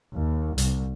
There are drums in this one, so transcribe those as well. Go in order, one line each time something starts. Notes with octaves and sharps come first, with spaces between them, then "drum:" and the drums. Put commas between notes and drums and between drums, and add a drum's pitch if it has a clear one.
D#2
C2, drum: hi-hat